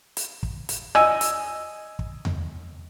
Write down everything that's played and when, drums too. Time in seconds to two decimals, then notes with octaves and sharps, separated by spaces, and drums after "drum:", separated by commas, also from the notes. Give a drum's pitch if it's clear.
0.17 drum: hi-hat
0.43 drum: kick
0.69 drum: hi-hat
0.95 D#5 G#5 E6, drum: rim click
1.21 drum: hi-hat
1.99 drum: kick
2.25 drum: tom E2